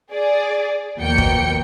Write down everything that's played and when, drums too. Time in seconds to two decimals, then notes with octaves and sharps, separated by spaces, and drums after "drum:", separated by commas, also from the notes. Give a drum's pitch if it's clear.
0.12 G#4 D5
0.99 D#2 B2 F3 A#3 G5 C#7
1.18 drum: kick